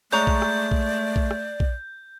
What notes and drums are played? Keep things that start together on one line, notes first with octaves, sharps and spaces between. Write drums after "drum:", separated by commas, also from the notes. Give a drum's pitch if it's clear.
G#3 A3 C#5 D5 A#5 G6
drum: kick A#1
drum: rim click
drum: kick A#1
drum: kick A#1
drum: rim click
drum: kick A#1